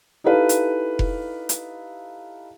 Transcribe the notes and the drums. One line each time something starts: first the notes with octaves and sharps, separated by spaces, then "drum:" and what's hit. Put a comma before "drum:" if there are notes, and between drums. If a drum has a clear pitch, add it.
D#4 E4 G4 A4 B4 F5
drum: hi-hat
drum: kick F1
drum: hi-hat